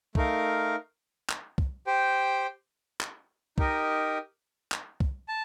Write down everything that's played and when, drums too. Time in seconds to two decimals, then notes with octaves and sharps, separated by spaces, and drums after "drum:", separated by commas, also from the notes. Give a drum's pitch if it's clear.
0.15 A3 D#4 A#4 F5, drum: kick
1.29 drum: clap
1.58 drum: kick
1.87 G4 C5 G5
3.01 drum: clap
3.58 D#4 G4 A#4 D#5, drum: kick
4.72 drum: clap
5.00 drum: kick
5.28 A5